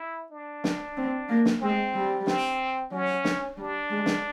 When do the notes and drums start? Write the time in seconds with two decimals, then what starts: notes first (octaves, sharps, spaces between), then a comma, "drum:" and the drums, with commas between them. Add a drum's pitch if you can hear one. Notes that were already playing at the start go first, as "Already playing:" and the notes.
Already playing: E4
0.32 D4
0.64 drum: snare
0.97 C4
1.29 A#3
1.45 drum: snare
1.61 G#3 C4
1.95 G3
2.27 C4, drum: snare
2.91 F#3 C#4
3.24 drum: snare
3.56 G3 D4
3.90 G#3
4.06 drum: snare